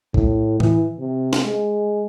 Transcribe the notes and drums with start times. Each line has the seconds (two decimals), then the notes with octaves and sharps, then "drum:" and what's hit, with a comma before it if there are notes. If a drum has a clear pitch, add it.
0.14 A2, drum: kick A#1
0.60 E3, drum: tom A2
0.99 C3
1.33 drum: snare
1.44 G#3